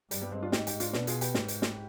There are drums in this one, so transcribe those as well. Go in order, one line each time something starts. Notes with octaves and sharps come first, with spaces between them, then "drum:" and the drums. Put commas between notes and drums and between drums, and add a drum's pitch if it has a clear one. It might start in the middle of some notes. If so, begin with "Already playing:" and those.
G2 G3, drum: hi-hat
G3 B3
G#3 C4
D4 F4
G#2 D#4 G4, drum: snare
D#4 G4, drum: hi-hat
D4 F4, drum: hi-hat
B2 B3 D4, drum: snare
F4 G#4, drum: hi-hat
G4 B4, drum: hi-hat
G#2, drum: snare
drum: hi-hat
drum: snare